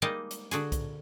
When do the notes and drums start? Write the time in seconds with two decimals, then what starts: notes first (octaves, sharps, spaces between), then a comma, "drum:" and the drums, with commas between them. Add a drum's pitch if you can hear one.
0.02 G3 G#3 A#3 D#4 D5 D#5
0.31 drum: hi-hat
0.51 D3 F#4 G#4, drum: hi-hat
0.72 drum: kick C2, hi-hat